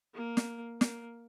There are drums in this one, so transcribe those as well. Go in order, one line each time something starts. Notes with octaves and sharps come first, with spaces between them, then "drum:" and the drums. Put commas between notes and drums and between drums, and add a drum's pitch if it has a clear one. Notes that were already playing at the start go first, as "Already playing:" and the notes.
A#3
drum: snare
A#3, drum: snare